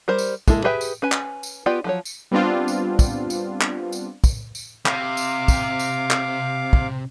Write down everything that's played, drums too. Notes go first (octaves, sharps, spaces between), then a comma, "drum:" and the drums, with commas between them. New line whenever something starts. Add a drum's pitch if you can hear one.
G3 A#4 C5
drum: tambourine
G#3 A#3 E4 A4, drum: kick, tambourine
G4 G#4 B4 E5 G5
drum: tambourine
C#4 B4 G#5
drum: clap
drum: tambourine
B3 F4 G4 D5 G5
F3 F#3 C#5
drum: tambourine
G3 B3 C4 D4 F4
drum: tambourine
drum: kick, tambourine
drum: tambourine
drum: clap
drum: tambourine
drum: kick, tambourine
drum: tambourine
C3 F5 D6, drum: clap
drum: tambourine
drum: kick, tambourine
drum: tambourine
drum: clap
drum: kick